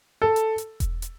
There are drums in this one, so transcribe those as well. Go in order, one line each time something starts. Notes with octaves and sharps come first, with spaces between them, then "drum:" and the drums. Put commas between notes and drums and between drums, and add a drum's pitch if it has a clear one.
A4
drum: hi-hat
drum: hi-hat
drum: kick E1, hi-hat
drum: hi-hat